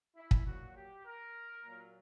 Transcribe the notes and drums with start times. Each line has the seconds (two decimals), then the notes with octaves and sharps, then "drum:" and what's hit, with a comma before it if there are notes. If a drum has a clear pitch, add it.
0.16 E4
0.31 drum: kick
0.45 A#2 F#3 F#4
0.75 G4
1.04 A#4
1.64 A#2 F#3